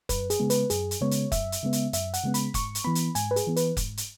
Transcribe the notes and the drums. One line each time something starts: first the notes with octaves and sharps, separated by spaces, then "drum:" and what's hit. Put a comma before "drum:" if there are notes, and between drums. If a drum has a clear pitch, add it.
F#2 B4, drum: kick F1, hi-hat
G#4, drum: hi-hat
C#3 G#3 B3
B4, drum: hi-hat
F#2 G#4, drum: hi-hat
drum: hi-hat
C#3 G#3 B3 C#5
drum: hi-hat
F#2 E5, drum: kick F1, hi-hat
drum: hi-hat
C#3 G#3 B3
drum: hi-hat
F#2 E5, drum: hi-hat
F#5, drum: hi-hat
C#3 G#3 B3
B5, drum: hi-hat
G#2 C#6, drum: kick F1, hi-hat
drum: hi-hat
E3 B3 B5
drum: hi-hat
G#2 G#5, drum: hi-hat
B4
G#4, drum: hi-hat
E3 B3
B4, drum: hi-hat
G#2, drum: kick F1, hi-hat
drum: hi-hat